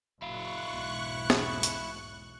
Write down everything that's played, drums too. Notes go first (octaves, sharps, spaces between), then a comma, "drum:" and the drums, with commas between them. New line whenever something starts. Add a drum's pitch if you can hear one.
F#1 A#2 E4 F5 C#6 F#6
B1 E2 G#2
drum: snare
drum: hi-hat